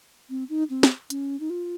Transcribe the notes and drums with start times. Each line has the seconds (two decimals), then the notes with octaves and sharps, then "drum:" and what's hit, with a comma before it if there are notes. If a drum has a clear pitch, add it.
0.30 C4
0.50 D#4
0.70 C4
0.83 drum: snare
1.10 C#4, drum: hi-hat
1.40 D#4
1.50 F4